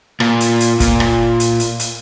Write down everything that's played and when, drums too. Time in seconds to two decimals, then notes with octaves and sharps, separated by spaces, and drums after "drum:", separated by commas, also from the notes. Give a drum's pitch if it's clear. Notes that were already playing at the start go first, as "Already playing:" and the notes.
0.20 A#2, drum: rim click
0.40 drum: hi-hat
0.60 drum: hi-hat
0.80 A#2, drum: kick, hi-hat
1.00 drum: rim click
1.40 drum: hi-hat
1.60 drum: hi-hat
1.79 drum: hi-hat